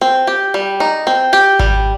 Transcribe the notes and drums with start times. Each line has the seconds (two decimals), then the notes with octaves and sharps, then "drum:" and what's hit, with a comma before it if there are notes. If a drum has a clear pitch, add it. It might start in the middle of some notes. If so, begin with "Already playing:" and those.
0.01 C4
0.27 G4
0.54 G3
0.80 D#4
1.07 C4
1.33 G4
1.59 G3, drum: kick G#1